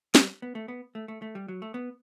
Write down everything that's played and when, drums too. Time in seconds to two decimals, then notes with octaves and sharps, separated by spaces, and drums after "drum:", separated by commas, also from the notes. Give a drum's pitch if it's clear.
0.15 G3, drum: snare
0.42 B3
0.55 A3
0.68 B3
0.95 A3
1.08 A3
1.22 A3
1.35 G3
1.48 F#3
1.62 A3
1.74 B3